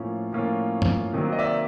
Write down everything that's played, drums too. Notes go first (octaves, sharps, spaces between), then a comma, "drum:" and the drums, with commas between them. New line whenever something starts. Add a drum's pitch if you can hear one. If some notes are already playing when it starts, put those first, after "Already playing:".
Already playing: A2 F3 A#3 C#4 F4
A2 F3 A#3 C#4 F4
drum: tom G2
C3 D#3 F#3 A#3
D#5
D5 E5